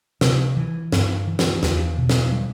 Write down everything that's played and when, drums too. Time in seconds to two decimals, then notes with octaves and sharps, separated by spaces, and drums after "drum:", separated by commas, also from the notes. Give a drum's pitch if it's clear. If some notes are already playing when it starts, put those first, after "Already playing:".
0.21 C3, drum: snare
0.57 E3
0.92 G2, drum: snare
1.27 E3
1.39 drum: snare
1.63 E2, drum: snare
1.98 B2
2.09 drum: snare
2.32 G3